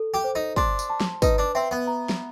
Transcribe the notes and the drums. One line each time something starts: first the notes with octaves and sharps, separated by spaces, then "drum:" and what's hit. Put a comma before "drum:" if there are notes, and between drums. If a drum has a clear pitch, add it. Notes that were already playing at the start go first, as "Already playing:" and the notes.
Already playing: A4
G4
C5
D#4
D4 C6, drum: kick
drum: tambourine
A5
drum: snare
D#4 B4, drum: kick, tambourine
D4
C4 E5
B3
A#5
drum: snare